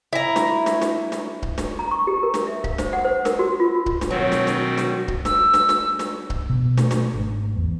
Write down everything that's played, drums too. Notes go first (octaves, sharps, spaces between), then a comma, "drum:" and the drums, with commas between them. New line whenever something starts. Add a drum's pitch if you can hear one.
E4 A#5
drum: snare
drum: snare
drum: snare
drum: snare
drum: kick C#1
drum: snare
A#5
C#6
G4
A#4
drum: snare
E5
F5, drum: kick C#1
C5, drum: snare
F#5
C5
A#4, drum: snare
F#4
F4
drum: kick C#1
drum: snare
B2 D#3 F#3 C4
drum: snare
drum: snare
drum: snare
drum: kick C#1
E6, drum: snare
drum: snare
drum: snare
drum: snare
drum: kick C#1
B2
A3, drum: snare
drum: snare
G#1
E2